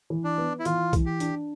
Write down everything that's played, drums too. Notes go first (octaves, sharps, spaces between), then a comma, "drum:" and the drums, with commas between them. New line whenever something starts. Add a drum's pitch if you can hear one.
E3
D4
B3
E4
E3 F4, drum: hi-hat
E3, drum: kick, hi-hat
G4
D4, drum: hi-hat